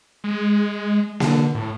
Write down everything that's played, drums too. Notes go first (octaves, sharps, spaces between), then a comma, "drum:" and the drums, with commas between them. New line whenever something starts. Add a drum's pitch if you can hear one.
G#3
D3, drum: snare A#3
A2